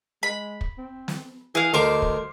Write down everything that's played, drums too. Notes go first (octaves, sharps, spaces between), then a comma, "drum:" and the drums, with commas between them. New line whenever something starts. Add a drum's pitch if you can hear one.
G#3 B5
drum: kick
C4
drum: snare
E3 G#4 F5
D2 A#4 C5 D#5 F5 D6
drum: kick